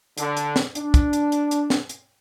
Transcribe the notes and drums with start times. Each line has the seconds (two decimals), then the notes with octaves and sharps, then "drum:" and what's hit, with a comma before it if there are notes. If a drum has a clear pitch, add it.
0.18 D3, drum: hi-hat
0.37 drum: hi-hat
0.56 drum: snare
0.75 D4, drum: hi-hat
0.94 drum: kick, hi-hat
1.13 drum: hi-hat
1.32 drum: hi-hat
1.51 drum: hi-hat
1.70 drum: snare
1.89 drum: hi-hat